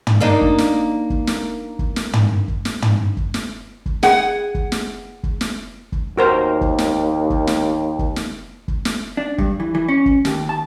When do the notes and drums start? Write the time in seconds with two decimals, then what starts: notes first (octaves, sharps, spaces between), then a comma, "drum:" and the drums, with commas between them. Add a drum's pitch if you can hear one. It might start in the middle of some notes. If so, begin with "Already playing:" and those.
0.07 drum: tom
0.20 A#3 D4 D#4
0.41 drum: kick
0.58 drum: snare
1.10 drum: kick
1.27 drum: snare
1.79 drum: kick
1.96 drum: snare
2.13 drum: tom
2.48 drum: kick
2.65 drum: snare
2.82 drum: tom
3.17 drum: kick
3.34 drum: snare
3.86 drum: kick
4.03 G#4 F#5, drum: snare
4.55 drum: kick
4.72 drum: snare
5.23 drum: kick
5.41 drum: snare
5.92 drum: kick
6.17 D#2 F#4 A#4 C5
6.61 drum: kick
6.78 drum: snare
7.30 drum: kick
7.47 drum: snare
7.99 drum: kick
8.16 drum: snare
8.68 drum: kick
8.85 drum: snare
9.17 D4
9.38 G2, drum: kick
9.60 E3
9.75 E3
9.88 C#4
10.06 drum: kick
10.25 D#2, drum: snare
10.49 A5